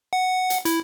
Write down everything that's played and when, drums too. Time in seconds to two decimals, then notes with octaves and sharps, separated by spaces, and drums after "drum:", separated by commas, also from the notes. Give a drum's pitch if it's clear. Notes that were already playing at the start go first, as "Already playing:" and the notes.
0.13 F#5
0.50 drum: hi-hat
0.65 E4, drum: hi-hat